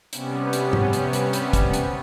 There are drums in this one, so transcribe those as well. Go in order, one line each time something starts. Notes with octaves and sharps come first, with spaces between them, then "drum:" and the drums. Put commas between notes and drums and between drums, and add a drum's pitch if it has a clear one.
C3 G3 B3 C#4, drum: hi-hat
drum: hi-hat
drum: tom G#2
drum: hi-hat
drum: hi-hat
drum: hi-hat
drum: kick, hi-hat
drum: hi-hat